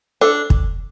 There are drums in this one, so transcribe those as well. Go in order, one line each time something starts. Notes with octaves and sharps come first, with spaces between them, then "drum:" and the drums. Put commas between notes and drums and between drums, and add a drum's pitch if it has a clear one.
D4 A4
drum: kick